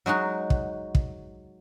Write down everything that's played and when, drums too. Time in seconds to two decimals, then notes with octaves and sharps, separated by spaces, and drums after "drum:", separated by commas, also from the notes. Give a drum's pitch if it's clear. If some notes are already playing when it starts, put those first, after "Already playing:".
0.06 F#3 G#3 D#4 F#4
0.50 drum: kick
0.95 drum: kick